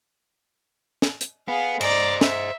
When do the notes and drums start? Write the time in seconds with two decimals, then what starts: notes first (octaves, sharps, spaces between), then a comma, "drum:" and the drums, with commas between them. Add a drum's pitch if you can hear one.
1.02 drum: snare
1.21 drum: hi-hat
1.48 B3 G#4 F5
1.81 C5 D5 D#5 A#5, drum: cymbal
2.21 E5, drum: snare